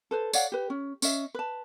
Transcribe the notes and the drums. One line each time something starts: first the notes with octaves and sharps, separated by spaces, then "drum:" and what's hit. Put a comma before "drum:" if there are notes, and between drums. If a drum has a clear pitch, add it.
A4 B4 C5
C#5 D5 F5 F#5, drum: tambourine
G4 B4
C#4
C#4 D#5 E5, drum: tambourine
B4 A5